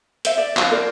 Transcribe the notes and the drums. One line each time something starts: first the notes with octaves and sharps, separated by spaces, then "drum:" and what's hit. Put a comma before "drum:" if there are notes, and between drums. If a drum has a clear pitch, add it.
C5 E5, drum: hi-hat
D5 E5
F5, drum: clap
F4 A#4 C5 D5